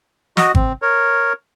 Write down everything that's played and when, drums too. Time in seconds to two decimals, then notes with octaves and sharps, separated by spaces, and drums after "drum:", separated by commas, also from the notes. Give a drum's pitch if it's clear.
0.37 F#4 D#5, drum: snare
0.55 C4, drum: kick G#1
0.82 A#4 C#5